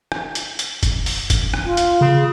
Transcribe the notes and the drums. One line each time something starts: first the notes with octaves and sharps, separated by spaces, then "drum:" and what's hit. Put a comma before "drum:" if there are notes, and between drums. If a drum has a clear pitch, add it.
drum: rim click
drum: hi-hat
drum: hi-hat
drum: kick, hi-hat
drum: open hi-hat
drum: kick, hi-hat
drum: rim click
F4
drum: hi-hat
C#3